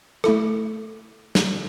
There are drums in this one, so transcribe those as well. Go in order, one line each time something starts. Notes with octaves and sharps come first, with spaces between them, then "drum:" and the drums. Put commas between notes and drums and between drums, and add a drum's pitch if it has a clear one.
A3 E4 A4, drum: rim click
drum: snare